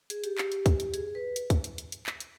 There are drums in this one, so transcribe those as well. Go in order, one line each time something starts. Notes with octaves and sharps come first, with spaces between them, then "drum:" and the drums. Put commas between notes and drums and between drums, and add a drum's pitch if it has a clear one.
G#4, drum: hi-hat
G4, drum: hi-hat
G4, drum: clap
drum: hi-hat
drum: kick, hi-hat
drum: hi-hat
G#4, drum: hi-hat
B4
drum: hi-hat
drum: kick, hi-hat
drum: hi-hat
drum: hi-hat
drum: hi-hat
drum: clap
drum: hi-hat